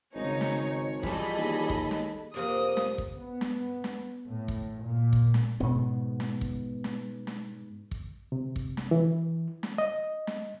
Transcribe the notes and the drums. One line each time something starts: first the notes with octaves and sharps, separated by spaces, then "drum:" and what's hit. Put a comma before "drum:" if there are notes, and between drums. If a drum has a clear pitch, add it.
G#1 C#3 D#4 C#5
drum: snare
E3 F3 G3 G#4 A4 D#5 B5, drum: kick
D#2
drum: kick
drum: snare
F2 C3 A#3 D5 D#6
drum: snare
drum: kick
B3
drum: snare
drum: snare
A2
drum: kick
A#2
drum: kick
drum: snare
G#2 B2 B3
drum: snare
drum: kick
drum: snare
drum: snare
drum: kick
C3
drum: kick
drum: snare
E3
drum: snare
D#5
drum: snare